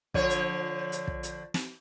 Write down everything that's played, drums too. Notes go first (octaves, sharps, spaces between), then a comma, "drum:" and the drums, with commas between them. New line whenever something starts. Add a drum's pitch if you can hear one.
D3 F3 C#5, drum: kick
drum: hi-hat
drum: hi-hat
drum: kick
drum: hi-hat
drum: snare